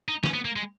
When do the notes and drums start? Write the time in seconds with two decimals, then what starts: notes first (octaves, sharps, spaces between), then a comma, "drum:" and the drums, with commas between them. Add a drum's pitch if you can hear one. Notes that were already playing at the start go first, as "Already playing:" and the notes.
0.08 D#4
0.24 C#4, drum: snare
0.34 B3
0.45 A#3
0.56 G#3